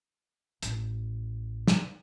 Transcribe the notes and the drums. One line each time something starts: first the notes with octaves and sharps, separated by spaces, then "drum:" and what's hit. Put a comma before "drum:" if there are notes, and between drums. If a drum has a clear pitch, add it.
A1, drum: hi-hat
drum: snare